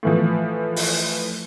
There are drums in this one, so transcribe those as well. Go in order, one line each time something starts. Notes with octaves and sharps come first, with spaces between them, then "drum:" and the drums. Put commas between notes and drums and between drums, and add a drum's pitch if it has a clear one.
A2 E3 F3
drum: open hi-hat